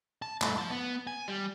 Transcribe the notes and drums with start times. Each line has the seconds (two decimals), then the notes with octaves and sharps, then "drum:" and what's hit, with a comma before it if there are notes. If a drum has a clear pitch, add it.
0.22 A5
0.42 G2 A3, drum: clap
0.58 F3 A5
0.70 B3
1.07 G#5
1.28 G3